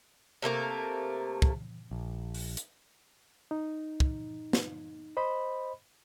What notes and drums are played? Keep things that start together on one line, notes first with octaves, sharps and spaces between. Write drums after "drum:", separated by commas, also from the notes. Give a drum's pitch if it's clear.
C3 A3 A#3 A#4
drum: kick
A#1
drum: open hi-hat
drum: hi-hat
D#4
drum: kick
drum: snare
C5 D#5 B5